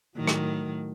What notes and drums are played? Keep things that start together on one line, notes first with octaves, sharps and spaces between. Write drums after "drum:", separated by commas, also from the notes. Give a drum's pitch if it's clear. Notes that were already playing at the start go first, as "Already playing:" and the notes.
A2 D#3 F#3
drum: rim click